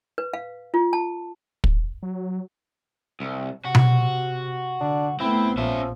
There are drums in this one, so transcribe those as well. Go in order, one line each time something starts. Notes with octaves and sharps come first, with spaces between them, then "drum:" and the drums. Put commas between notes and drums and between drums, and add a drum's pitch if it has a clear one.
B4
F5
F4
A5
drum: kick
F#3
C2
C3 F#4
drum: tom B2
D3 D4
A3 B3 C4 E4
A#1 F3 C#4 E5